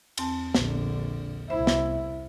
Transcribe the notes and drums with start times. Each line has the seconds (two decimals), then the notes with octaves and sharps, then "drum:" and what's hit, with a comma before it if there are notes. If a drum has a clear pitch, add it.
0.17 E2 C4 A5, drum: cymbal
0.55 A#1 D3, drum: snare
1.50 C2 E4 C5 E5 B5
1.67 drum: snare